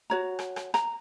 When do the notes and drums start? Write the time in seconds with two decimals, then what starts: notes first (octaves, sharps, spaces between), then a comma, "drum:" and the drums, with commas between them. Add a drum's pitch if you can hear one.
0.10 F#4 C#5 A#5
0.39 drum: rim click
0.56 drum: rim click
0.74 A#5, drum: rim click